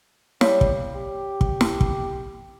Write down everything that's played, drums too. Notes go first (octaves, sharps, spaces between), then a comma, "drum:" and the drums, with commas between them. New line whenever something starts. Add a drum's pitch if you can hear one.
G3 C#5 F5, drum: snare
drum: kick
G4
drum: kick
drum: snare
drum: kick